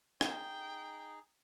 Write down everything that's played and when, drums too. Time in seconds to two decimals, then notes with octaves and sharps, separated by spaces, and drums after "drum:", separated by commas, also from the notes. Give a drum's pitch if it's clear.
0.21 D#4 G#4 G5, drum: rim click